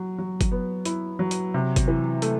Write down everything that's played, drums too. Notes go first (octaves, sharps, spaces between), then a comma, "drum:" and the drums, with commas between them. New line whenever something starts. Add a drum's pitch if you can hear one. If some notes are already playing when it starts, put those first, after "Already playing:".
Already playing: F#3
F#3
drum: kick, hi-hat
B3
E4, drum: hi-hat
F#3
drum: hi-hat
C3
drum: kick, hi-hat
E3
A3, drum: hi-hat